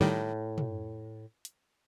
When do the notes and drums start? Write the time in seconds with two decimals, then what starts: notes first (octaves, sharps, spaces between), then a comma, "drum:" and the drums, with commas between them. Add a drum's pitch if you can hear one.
0.01 A2 D#3 G3
0.58 drum: tom
1.45 drum: hi-hat